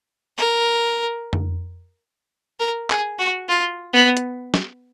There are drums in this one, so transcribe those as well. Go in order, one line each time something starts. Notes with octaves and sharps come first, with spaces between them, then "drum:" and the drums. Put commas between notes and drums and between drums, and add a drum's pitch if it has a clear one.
A#4
drum: tom F2
A#4
G#4, drum: clap
F#4
F4
B3
drum: hi-hat
drum: snare